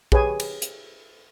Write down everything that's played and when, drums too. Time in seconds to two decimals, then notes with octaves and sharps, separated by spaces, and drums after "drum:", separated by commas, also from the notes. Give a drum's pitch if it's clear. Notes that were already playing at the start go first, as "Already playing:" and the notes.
0.12 G4 G#4 B4 C#5 G#5, drum: kick
0.40 drum: cymbal
0.62 drum: hi-hat